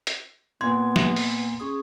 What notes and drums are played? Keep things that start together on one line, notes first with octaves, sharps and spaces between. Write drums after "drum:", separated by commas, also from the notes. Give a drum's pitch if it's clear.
drum: hi-hat
A#2 B3 C6 G#6
drum: snare
drum: open hi-hat
C#4 G#4 D#6